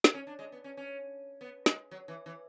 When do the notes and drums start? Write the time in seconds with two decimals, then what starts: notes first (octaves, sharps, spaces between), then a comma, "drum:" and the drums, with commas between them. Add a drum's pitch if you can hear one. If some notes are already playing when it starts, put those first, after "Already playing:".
0.04 drum: snare
0.14 C#4
0.27 D4
0.39 G#3
0.52 B3
0.64 C#4
0.77 C#4
1.41 B3
1.66 G#3, drum: snare
1.91 F#3
2.08 E3
2.26 E3